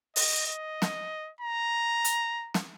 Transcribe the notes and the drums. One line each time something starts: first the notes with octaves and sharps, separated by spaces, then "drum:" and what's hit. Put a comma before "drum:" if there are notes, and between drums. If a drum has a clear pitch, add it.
D#5, drum: open hi-hat
D#5
drum: snare
A#5
drum: hi-hat
drum: snare